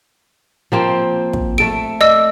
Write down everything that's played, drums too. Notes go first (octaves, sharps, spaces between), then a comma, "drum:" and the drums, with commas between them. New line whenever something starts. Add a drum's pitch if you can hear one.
F3 A#3 C4
drum: kick
A3 A4 E5 D7
D5 D#5 E6